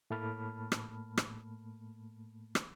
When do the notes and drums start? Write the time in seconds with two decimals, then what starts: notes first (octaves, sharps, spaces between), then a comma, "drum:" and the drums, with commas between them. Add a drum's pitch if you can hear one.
0.10 A2 A3 A#3 A5 B5 F6
0.72 drum: rim click
1.17 drum: rim click
2.55 drum: rim click